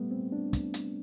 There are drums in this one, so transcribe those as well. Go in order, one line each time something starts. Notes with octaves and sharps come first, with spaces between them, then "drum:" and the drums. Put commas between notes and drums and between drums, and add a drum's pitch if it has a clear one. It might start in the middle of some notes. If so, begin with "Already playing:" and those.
Already playing: G3 A3 B3
C4
D4
drum: kick, hi-hat
drum: hi-hat